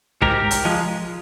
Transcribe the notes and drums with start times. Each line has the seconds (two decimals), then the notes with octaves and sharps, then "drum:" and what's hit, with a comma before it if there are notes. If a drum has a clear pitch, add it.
0.22 G#2 G4 A#4, drum: kick
0.51 drum: hi-hat
0.65 F3 G#3